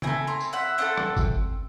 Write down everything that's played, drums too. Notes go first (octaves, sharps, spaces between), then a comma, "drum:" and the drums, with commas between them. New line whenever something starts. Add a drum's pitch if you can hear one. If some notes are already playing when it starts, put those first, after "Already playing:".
C4 E4 A4 G#5 A#5, drum: tom C#3
A#5 C6
drum: tambourine
E5 F#5
C4 E4 A4 E5 F#5
drum: rim click
drum: kick G1, tambourine